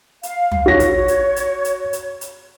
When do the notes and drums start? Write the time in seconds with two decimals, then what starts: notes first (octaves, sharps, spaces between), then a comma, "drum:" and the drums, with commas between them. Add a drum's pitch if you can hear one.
0.23 F5, drum: hi-hat
0.52 drum: tom
0.66 F#4 C#5 A#6
0.80 drum: kick, hi-hat
1.08 drum: hi-hat
1.36 drum: hi-hat
1.65 drum: hi-hat
1.93 drum: hi-hat
2.21 drum: hi-hat